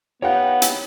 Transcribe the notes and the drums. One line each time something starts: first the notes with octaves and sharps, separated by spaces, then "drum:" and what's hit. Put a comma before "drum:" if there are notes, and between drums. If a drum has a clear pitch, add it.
B3 D#4 F4 G4 A#4 C#5 F#5
drum: hi-hat